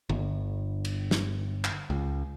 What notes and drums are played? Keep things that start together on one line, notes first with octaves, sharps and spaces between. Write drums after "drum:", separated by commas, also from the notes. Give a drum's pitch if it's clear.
G1, drum: tom
drum: cymbal
drum: snare
drum: clap
C#2